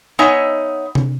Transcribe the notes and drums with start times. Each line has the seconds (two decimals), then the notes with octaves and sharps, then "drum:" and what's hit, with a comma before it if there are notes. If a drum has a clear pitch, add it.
0.19 B3 D#4 C#5 D#5 E5 G#5
0.95 drum: tom C3